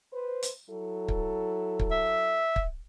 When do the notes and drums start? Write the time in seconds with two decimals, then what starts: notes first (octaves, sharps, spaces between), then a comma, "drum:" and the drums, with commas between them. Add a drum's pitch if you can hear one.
0.12 B4 C5
0.43 drum: hi-hat
0.69 F#3 E4 A4
1.08 drum: kick
1.80 drum: kick
1.91 E5
2.56 drum: kick